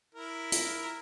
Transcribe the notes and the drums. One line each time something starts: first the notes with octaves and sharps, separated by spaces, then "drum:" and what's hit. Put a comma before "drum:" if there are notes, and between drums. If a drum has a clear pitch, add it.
E4 A#4
drum: hi-hat